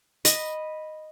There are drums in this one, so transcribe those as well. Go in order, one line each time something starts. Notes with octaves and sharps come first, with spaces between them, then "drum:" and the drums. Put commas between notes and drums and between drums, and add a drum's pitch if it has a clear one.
D#5 B5, drum: hi-hat